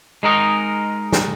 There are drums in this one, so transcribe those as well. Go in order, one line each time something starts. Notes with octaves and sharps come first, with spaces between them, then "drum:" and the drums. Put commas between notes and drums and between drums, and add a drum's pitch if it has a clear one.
G#3 D#4 A#4 D#5
drum: snare